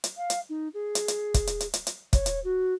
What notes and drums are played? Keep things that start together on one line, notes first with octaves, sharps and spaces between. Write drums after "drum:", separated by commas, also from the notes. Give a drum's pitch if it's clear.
drum: hi-hat
F5
drum: hi-hat
D#4
G#4
drum: hi-hat
drum: hi-hat
drum: kick, hi-hat
drum: hi-hat
drum: hi-hat
drum: hi-hat
drum: hi-hat
C#5, drum: kick, hi-hat
drum: hi-hat
F#4